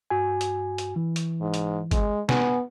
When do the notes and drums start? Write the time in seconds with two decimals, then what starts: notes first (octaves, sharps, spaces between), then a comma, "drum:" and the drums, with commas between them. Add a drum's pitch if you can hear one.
0.10 G2 F#4 G#5
0.41 drum: hi-hat
0.78 drum: hi-hat
0.96 E3
1.16 drum: hi-hat
1.41 G#2
1.54 drum: hi-hat
1.91 G#3, drum: kick G1, hi-hat
2.29 B3 G#5, drum: snare